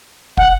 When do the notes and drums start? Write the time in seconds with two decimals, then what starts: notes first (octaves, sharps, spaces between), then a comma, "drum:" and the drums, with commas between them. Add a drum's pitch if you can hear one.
0.37 F#5, drum: kick